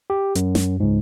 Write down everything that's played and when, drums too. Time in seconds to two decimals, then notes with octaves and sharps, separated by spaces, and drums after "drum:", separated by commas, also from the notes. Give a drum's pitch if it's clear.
0.10 G4
0.35 F#2, drum: hi-hat
0.55 drum: snare
0.80 C#2 G#2